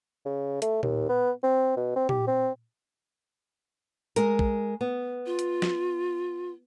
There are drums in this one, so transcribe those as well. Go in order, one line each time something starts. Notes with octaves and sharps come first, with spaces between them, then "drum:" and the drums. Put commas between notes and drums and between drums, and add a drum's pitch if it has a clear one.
C#3
A3, drum: hi-hat
D#2, drum: tom A#2
B3
C4
B2
C4
G4, drum: tom A#2
C4
G#3 A#4, drum: hi-hat
drum: kick
B3
F4
drum: hi-hat
drum: snare